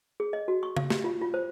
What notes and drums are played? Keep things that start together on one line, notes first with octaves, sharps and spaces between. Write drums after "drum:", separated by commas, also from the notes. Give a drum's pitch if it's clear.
G#4
D#5
F#4
C#6
F5, drum: tom C#3
G4, drum: snare
F4
F4
C5